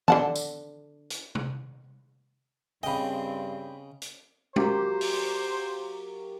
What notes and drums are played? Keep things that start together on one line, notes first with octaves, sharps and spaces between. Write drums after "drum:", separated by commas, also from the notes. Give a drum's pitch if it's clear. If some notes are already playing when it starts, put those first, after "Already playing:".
D3 F#5 A5, drum: tom E3
drum: tambourine
drum: hi-hat
drum: tom
G2 C#3 C4 D#5 G5 B5
drum: hi-hat
F#3 A#3 G4 C5, drum: tom G#3
drum: open hi-hat